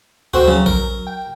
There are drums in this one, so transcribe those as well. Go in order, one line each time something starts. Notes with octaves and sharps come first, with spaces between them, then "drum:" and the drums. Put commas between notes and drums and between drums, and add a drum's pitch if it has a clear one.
D2 C4 F#4 G5
C#3 F#3
A#4, drum: kick A#1
G5